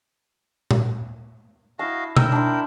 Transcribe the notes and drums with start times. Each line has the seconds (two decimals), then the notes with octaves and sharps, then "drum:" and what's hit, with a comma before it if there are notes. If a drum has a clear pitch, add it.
0.71 drum: tom A#2
1.79 E4 F#4 D#5 F5 A5
2.17 D#4 E4 A#4 G5 E6, drum: tom B2
2.32 D4 C6